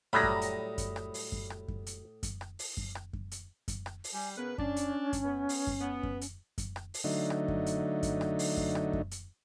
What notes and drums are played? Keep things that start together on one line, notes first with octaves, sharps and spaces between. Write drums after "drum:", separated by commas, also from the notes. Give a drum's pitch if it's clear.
A2 F#3 G3 B5 D#6 A#6
drum: kick F#2
drum: hi-hat
drum: kick F#2, hi-hat
drum: rim click
drum: open hi-hat
drum: kick F#2
drum: rim click
drum: kick F#2
drum: hi-hat
drum: kick F#2, hi-hat
drum: rim click
drum: open hi-hat
drum: kick F#2
drum: rim click
drum: kick F#2
drum: hi-hat
drum: kick F#2, hi-hat
drum: rim click
drum: open hi-hat
G3 G#5
C#3 B3 A#4 B4
C#4 D4, drum: kick F#2
drum: hi-hat
drum: kick F#2, hi-hat
B3
drum: open hi-hat
drum: kick F#2
B3
drum: kick F#2
drum: hi-hat
drum: kick F#2, hi-hat
drum: rim click
drum: open hi-hat
D3 F#3 A3 D#4
drum: rim click
drum: kick F#2
drum: hi-hat
drum: kick F#2, hi-hat
drum: rim click
drum: open hi-hat
drum: kick F#2
drum: rim click
drum: kick F#2
drum: hi-hat